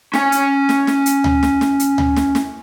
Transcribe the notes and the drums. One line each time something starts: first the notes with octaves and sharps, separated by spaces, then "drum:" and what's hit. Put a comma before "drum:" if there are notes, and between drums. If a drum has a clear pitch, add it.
C#4 G#5, drum: snare
drum: hi-hat
drum: snare
drum: snare
drum: hi-hat
drum: tom D2
drum: snare
drum: snare
drum: hi-hat
drum: tom D2
drum: snare
drum: snare